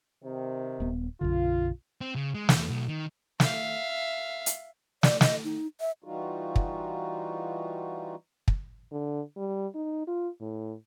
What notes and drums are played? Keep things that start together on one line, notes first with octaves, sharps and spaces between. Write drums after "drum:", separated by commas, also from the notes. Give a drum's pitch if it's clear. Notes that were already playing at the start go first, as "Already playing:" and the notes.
C3 D#3
D#1 B3
B1 F#2 D3 F4
C4
C#3
G#3
E2, drum: snare
B1
D#3
E5 F5, drum: snare
drum: hi-hat
D5, drum: snare
D#5, drum: snare
D#4
E5
E3 G3 D#4 F4 F#4
drum: kick
drum: kick
D3
G3
D#4
F4
A2